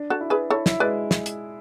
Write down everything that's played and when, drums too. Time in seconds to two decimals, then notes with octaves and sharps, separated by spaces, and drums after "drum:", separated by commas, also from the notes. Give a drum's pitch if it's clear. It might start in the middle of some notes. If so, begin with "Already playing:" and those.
Already playing: D4
0.10 F#4 A4
0.21 E4
0.30 G#4 B4
0.50 E4 A4 C#5
0.66 E4, drum: snare
0.80 G#3 B4 D5
1.11 drum: snare
1.26 drum: hi-hat